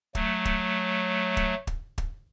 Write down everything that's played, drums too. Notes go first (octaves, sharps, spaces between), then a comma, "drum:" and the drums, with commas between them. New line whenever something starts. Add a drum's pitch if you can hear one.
F#3 A3, drum: kick
drum: kick
drum: kick
drum: kick
drum: kick